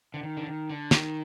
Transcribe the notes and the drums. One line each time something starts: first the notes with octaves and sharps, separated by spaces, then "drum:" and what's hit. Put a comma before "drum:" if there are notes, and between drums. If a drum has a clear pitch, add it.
D3
D#3
D3
D#3
D3
D#3, drum: snare